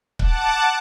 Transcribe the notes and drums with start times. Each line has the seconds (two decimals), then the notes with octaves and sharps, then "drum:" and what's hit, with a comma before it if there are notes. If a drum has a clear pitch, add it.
0.19 F#5 A5 D6, drum: kick C#1